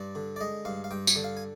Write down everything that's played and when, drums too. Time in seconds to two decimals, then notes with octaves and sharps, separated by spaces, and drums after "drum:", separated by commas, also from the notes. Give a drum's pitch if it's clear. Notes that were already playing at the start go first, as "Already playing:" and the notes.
Already playing: G2 D5
0.15 D3
0.36 D5
0.41 G#3 D#5
0.65 G2 F5
0.84 F5
0.91 G2 G5
1.07 G#5, drum: tambourine
1.16 D3
1.24 F5
1.37 G#5